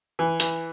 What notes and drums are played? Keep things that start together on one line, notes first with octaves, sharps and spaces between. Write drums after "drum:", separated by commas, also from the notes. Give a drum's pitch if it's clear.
E3
E3, drum: hi-hat